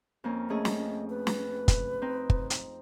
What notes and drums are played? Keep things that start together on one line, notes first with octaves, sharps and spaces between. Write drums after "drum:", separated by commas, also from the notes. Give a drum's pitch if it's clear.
F2 A#3 C#4
A3 C#4 G#4 D#5
drum: snare
B4
drum: snare
drum: kick, hi-hat
C4 D#4
drum: kick
drum: hi-hat